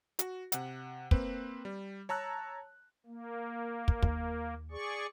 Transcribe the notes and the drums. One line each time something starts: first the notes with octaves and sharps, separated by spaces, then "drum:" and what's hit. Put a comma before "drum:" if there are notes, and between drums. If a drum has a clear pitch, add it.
F#4, drum: hi-hat
C3 F#5, drum: hi-hat
A#3 C4 B4, drum: kick
G3
C#5 A5 A#5 E6 F#6
A#3
drum: kick
D#2, drum: kick
G#4 D5 C#6